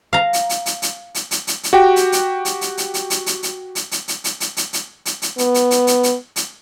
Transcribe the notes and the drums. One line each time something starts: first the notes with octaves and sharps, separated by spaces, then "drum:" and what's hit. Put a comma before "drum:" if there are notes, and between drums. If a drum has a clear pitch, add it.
F5 A#5
drum: hi-hat
drum: hi-hat
drum: hi-hat
drum: hi-hat
drum: hi-hat
drum: hi-hat
drum: hi-hat
drum: hi-hat
F#4 G4 G5
drum: hi-hat
drum: hi-hat
drum: hi-hat
drum: hi-hat
drum: hi-hat
drum: hi-hat
drum: hi-hat
drum: hi-hat
drum: hi-hat
drum: hi-hat
drum: hi-hat
drum: hi-hat
drum: hi-hat
drum: hi-hat
drum: hi-hat
drum: hi-hat
drum: hi-hat
drum: hi-hat
B3, drum: hi-hat
drum: hi-hat
drum: hi-hat
drum: hi-hat
drum: hi-hat
drum: hi-hat